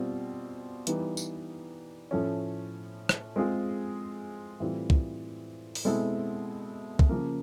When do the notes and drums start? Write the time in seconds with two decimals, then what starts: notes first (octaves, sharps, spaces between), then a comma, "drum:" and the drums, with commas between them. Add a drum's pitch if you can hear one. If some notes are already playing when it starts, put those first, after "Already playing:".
Already playing: B2 G3 C4 F4
0.87 E3 G3 B3 D#4, drum: hi-hat
1.17 drum: tambourine
2.11 A2 F3 A3 C#4
3.09 drum: rim click
3.36 G#3 C4 F4 G#4
4.60 A2 E3 G3 C4 F4
4.90 drum: kick
5.75 drum: open hi-hat
5.85 B2 G#3 C4 E4 A4
6.99 drum: kick
7.09 C#3 F3 A#3